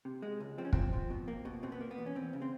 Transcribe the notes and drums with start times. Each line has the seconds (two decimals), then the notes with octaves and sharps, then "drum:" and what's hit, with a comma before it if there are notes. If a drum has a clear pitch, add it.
0.05 C3
0.22 G#3
0.40 C#2
0.58 F3 C4
0.65 C#4
0.73 C#2 C4, drum: kick
0.93 F3
1.10 B2
1.28 A#3
1.45 B2
1.63 B2 C4
1.72 B3
1.81 A#3
1.91 B3
1.98 E2
2.06 C#4
2.15 E2 C4
2.33 C#3
2.42 C4